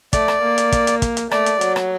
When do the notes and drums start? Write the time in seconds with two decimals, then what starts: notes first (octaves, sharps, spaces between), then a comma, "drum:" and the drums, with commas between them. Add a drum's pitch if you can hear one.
0.13 A3 D5, drum: kick, hi-hat
0.28 drum: rim click
0.43 A#3
0.58 drum: hi-hat
0.72 drum: kick, hi-hat
0.87 drum: hi-hat
1.02 drum: kick, hi-hat
1.17 drum: hi-hat
1.31 A3 D5, drum: rim click
1.46 drum: hi-hat
1.61 F#3, drum: hi-hat
1.76 drum: rim click